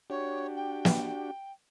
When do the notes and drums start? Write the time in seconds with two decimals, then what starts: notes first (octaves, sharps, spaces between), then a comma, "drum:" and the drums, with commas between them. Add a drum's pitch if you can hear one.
0.10 D4 F#4 G4 C#5
0.56 G5
0.85 drum: snare